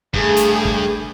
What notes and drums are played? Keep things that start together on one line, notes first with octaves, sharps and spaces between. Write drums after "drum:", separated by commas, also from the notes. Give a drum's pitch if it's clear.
G2 A3 G#4, drum: kick
drum: hi-hat
drum: kick